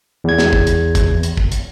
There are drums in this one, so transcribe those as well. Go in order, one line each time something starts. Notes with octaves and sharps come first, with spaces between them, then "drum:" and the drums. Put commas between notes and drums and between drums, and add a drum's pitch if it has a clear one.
E2 G#6
drum: snare
drum: kick G#1
drum: hi-hat
drum: kick G#1, hi-hat
drum: hi-hat
drum: kick G#1
drum: hi-hat